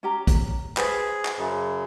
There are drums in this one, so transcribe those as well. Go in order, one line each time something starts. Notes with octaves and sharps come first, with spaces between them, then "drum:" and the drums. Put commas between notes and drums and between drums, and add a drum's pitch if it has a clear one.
C#4 G4 A#5
drum: kick, hi-hat
G#4 B4 C5, drum: clap
drum: clap
F#2 C#3